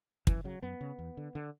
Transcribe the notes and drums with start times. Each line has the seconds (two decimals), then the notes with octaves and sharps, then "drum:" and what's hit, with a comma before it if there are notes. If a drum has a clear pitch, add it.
0.27 F#2 E3, drum: kick
0.44 C#3 F#3
0.62 F#2 B3
0.81 C#3
0.99 E2
1.17 D3
1.35 D3